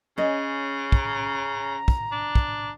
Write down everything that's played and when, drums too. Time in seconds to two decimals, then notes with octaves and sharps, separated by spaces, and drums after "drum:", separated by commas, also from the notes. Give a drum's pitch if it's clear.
0.18 C#3 C#4 D#5
0.92 A#5, drum: kick
1.88 drum: kick
2.12 D4
2.35 drum: kick